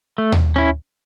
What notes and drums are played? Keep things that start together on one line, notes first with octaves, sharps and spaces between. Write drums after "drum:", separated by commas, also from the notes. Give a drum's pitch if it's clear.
A3
drum: tom D#2
C#4 E4